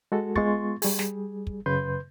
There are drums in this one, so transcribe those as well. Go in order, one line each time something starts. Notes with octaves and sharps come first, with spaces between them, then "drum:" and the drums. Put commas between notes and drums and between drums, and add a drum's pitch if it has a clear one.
G#3 F#4 A4
G#3 B3 F4 C6 C#6 A6, drum: kick
G3 G#4, drum: open hi-hat
drum: snare
drum: kick
F#2 C#3 B4 C6 G6